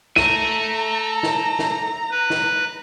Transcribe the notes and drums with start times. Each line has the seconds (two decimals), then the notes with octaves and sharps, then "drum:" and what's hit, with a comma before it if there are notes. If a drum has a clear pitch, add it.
0.16 A4 E5 A#5 D#7, drum: snare
1.23 drum: snare
1.59 drum: snare
2.11 B4
2.30 drum: snare